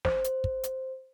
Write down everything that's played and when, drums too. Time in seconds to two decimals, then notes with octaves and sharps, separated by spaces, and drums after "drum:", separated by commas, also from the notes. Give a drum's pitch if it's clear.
0.05 C5, drum: snare
0.24 drum: hi-hat
0.44 drum: kick
0.64 drum: hi-hat